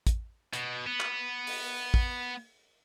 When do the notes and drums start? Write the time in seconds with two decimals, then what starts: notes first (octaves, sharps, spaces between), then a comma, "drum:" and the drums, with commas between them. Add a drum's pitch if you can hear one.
0.07 drum: kick, hi-hat
0.53 B2, drum: hi-hat
0.87 B3
1.00 drum: clap
1.47 drum: open hi-hat
1.94 drum: kick